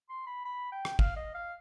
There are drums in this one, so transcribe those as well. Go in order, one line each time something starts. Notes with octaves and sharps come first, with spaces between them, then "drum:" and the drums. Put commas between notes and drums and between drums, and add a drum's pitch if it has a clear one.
C6
B5
B5
G5
drum: rim click
F5, drum: kick
D#5
F5